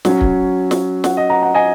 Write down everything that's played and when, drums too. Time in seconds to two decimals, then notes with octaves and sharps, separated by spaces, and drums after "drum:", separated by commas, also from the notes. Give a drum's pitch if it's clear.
0.05 F#3 C#4, drum: snare
0.21 drum: kick C#1
0.71 drum: snare
1.04 F#5, drum: snare
1.17 D#5
1.30 F#5 A#5
1.42 F#5 A#5
1.54 D#5 G#5